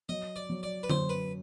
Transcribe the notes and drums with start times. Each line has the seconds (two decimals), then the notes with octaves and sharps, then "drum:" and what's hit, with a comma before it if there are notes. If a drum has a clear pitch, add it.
0.09 F#3 D#5
0.36 D5
0.50 F#3
0.63 D5
0.83 B4
0.89 F#2 C5, drum: tom D3
1.09 B4